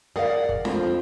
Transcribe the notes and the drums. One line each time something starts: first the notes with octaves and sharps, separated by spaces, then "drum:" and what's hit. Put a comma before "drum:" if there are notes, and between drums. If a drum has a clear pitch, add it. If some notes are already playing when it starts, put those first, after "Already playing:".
G#4 A#4 D5 F5 F#5
drum: kick
F2 C4 E4 F4, drum: snare D4